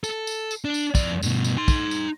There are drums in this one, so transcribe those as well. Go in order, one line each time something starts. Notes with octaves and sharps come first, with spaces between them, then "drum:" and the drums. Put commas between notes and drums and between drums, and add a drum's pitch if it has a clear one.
A4, drum: tambourine
drum: tambourine
drum: tambourine
D4
drum: tambourine
F2 D5, drum: kick, tambourine
G2 B2, drum: tambourine
drum: tambourine
D#4 C6
drum: kick, tambourine
drum: tambourine